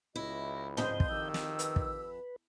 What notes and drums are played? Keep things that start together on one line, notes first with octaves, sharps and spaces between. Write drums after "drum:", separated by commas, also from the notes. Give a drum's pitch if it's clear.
C#2 E3 E4 F#4 D#5
F2 G3 G#3 C5 D#5 G6, drum: tom
drum: kick
D2 D#3 G4 E6
drum: snare
B4, drum: hi-hat
drum: kick